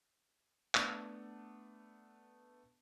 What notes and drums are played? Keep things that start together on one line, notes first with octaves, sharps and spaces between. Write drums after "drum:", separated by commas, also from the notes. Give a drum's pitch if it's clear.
A3 B3 D4, drum: clap